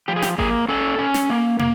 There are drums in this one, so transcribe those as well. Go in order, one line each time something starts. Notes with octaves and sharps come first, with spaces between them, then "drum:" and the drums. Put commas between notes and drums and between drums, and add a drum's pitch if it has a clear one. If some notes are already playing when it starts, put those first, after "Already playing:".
F3 G4
G#4
G4, drum: snare
A#3 G#4, drum: kick G#1
C#4 A4
C#4
drum: snare
A#3
A#3, drum: tom